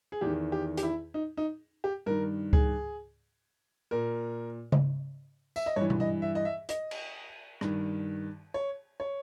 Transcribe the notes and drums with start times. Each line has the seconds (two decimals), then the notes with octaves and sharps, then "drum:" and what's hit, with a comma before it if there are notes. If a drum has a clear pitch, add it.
0.12 G#4
0.21 E2 D#3 G4
0.52 G4
0.77 G4, drum: hi-hat
0.83 E4
1.14 D#4
1.37 D#4
1.84 G4
2.06 G2 D#3 A#4
2.53 G#4, drum: kick C#2
3.91 A#2 A#4
4.72 drum: tom C#3
5.56 E5, drum: tambourine
5.66 D#5
5.76 G2 E3 C#5
5.90 drum: tom B2
6.00 D#5
6.22 E5
6.35 D#5
6.45 E5
6.69 D#5, drum: hi-hat
6.91 drum: cymbal
7.61 G2 D#3, drum: rim click
8.54 C#5
9.00 C#5